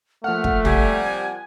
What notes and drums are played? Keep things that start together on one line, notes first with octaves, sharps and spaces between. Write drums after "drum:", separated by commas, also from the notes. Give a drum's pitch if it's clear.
F3 A3 A#3 F#5 F6
drum: kick
C3 G3 G#5, drum: tom